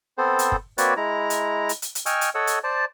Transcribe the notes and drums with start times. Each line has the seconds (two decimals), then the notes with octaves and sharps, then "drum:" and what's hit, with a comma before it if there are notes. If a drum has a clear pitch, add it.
0.18 B3 C4 A4 C5
0.39 drum: hi-hat
0.52 drum: kick
0.78 A#3 C4 F#4 B4 C#5 D5, drum: hi-hat
0.97 G#3 E4 A#5
1.30 drum: hi-hat
1.69 drum: hi-hat
1.82 drum: hi-hat
1.95 drum: hi-hat
2.06 D#5 G5 G#5 C#6 E6 F6, drum: hi-hat
2.21 drum: hi-hat
2.35 A4 C#5 D#5 F#5 E6
2.47 drum: hi-hat
2.64 C5 D5 A5